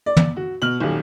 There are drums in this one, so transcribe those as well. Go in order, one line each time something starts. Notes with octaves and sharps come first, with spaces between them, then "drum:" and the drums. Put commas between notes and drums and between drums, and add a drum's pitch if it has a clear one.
D5
drum: tom
F#4
B2 F6 F#7
D#1 B1